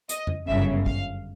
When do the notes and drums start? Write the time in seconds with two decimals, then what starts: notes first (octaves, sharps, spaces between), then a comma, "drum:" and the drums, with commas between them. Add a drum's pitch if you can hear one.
0.09 D#5, drum: hi-hat
0.27 drum: tom F2
0.47 G1 F#2 C#3 E5
0.86 F5, drum: kick